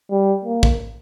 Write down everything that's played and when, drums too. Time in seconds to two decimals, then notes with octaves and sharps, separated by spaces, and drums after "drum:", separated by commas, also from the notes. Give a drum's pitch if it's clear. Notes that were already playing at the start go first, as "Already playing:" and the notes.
0.11 G3
0.45 A#3
0.63 drum: kick